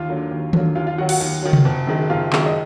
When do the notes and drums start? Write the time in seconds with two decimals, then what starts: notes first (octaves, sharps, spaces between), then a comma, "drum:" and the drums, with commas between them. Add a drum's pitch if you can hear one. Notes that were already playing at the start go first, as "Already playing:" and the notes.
Already playing: D#2 F4 F5
0.09 D3 F#3 A#3
0.31 D#2
0.53 D3 F#3 A#3, drum: tom D#3
0.75 D#2 F4 F5
0.87 F4 F5
0.98 D#3 F#3 F#4 F#5
1.09 F#4 F#5, drum: cymbal
1.20 D#2
1.42 D#3 F#3
1.53 drum: tom C3
1.65 F#1
1.87 F#2 D#3 G#3
2.10 F#1 F4 F5
2.33 F#2 D#3 G#3, drum: clap
2.46 D#5